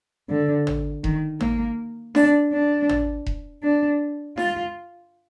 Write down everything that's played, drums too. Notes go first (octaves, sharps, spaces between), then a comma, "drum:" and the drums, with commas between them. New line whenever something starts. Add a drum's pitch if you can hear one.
D3
drum: tom
D#3, drum: kick E1
A#3, drum: tom
D4, drum: snare D#4
D4
drum: tom
drum: kick E1
D4
F4, drum: snare D#4